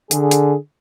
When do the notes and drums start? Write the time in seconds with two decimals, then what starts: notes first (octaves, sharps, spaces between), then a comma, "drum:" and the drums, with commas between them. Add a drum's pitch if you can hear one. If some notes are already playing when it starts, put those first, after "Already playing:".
0.11 D3 G#4, drum: hi-hat
0.31 drum: hi-hat